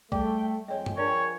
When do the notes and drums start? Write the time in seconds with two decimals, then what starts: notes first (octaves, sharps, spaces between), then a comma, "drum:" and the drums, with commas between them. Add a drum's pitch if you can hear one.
0.12 G3 A3 G#4 D5 G5, drum: kick A#1
0.68 F2 G#3 C#5 D#5 G5
0.86 drum: tom G2
0.97 F3 D4 G#4 A#4 C#5 D5